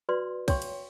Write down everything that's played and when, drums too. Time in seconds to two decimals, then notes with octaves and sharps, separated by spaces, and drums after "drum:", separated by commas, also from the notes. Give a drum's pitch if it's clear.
0.09 F#4 B4 D5 C6
0.48 C#5 F5 G5 C6 C#6, drum: kick, cymbal
0.62 drum: cymbal